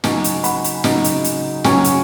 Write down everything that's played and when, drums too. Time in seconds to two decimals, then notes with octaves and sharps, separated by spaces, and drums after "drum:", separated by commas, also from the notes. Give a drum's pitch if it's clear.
0.04 C#3 F#3 D#4 G#5 C#6, drum: snare
0.24 drum: hi-hat
0.44 F#5 B5, drum: hi-hat
0.64 drum: hi-hat
0.84 C#3 F#3 D#4, drum: snare
1.04 drum: hi-hat
1.24 drum: hi-hat
1.64 C#3 F#3 C#4 G#5 C#6, drum: snare
1.84 drum: hi-hat